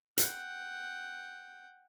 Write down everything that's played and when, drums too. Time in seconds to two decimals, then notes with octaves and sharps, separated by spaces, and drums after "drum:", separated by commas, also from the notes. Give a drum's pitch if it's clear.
0.18 F#5 G5, drum: hi-hat